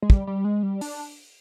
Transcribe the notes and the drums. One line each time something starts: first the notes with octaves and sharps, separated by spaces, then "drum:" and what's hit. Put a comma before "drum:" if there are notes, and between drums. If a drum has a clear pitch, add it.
G#3
G3, drum: kick
G3
G#3
G3
D4, drum: open hi-hat